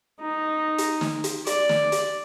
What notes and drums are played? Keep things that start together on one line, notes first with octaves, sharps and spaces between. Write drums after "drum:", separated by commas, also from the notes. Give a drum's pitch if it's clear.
D#4
drum: hi-hat
drum: snare
drum: hi-hat
D5, drum: hi-hat
drum: snare
drum: hi-hat